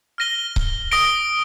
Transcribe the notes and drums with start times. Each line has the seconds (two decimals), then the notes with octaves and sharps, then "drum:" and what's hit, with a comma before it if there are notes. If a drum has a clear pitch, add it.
0.18 F6 A#6 D#7 G7
0.56 drum: kick C#1
0.92 D#6 A#6 D7 G7